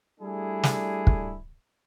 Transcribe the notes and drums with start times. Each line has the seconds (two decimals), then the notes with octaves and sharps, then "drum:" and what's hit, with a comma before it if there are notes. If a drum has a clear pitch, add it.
0.20 G3 A3 D4 E4 G#4
0.63 drum: snare
1.07 drum: kick